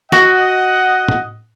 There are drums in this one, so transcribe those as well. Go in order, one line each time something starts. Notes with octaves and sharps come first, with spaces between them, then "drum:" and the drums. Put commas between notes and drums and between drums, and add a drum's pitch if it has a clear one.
F#4 D#5 F#5, drum: snare
drum: tom